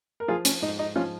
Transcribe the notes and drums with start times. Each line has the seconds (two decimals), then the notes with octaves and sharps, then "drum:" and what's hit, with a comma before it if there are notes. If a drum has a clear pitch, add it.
0.20 A#4
0.28 F3 F4 G#4
0.45 C#4, drum: hi-hat
0.62 G#2 D#4
0.79 D#4
0.96 F3 C#4 F4